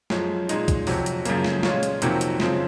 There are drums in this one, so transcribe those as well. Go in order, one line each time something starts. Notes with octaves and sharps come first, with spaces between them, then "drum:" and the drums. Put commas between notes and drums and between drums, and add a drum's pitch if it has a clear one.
F#2 F3 G#3 C#4, drum: snare
A#2 G#3 D#4, drum: hi-hat
drum: kick B1, hi-hat
F2 C3 F#3, drum: open hi-hat
drum: hi-hat
F#2 C#3 F3 A#3, drum: hi-hat
drum: snare
A#2 G#3 C#4 F4, drum: snare
drum: hi-hat
F2 C3 D#3 F#3 A#3, drum: hi-hat
drum: hi-hat
F#2 C#3 F3 G#3 C4, drum: snare